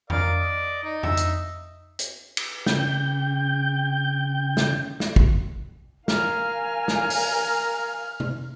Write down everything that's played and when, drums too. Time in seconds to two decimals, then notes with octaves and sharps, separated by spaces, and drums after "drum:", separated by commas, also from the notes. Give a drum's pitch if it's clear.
0.10 A#4 D5 D#5 F5, drum: tom F2
0.39 D#5
0.84 D#4
1.03 E5 D#6 E6, drum: tom F2
1.17 drum: hi-hat
1.99 drum: hi-hat
2.37 drum: cymbal
2.66 C#3 G5 G6, drum: snare
4.57 drum: snare
5.00 drum: snare
5.16 drum: kick
6.08 A#4 F5 G#5 F6, drum: snare
6.88 drum: snare
7.10 drum: open hi-hat
8.20 drum: tom C3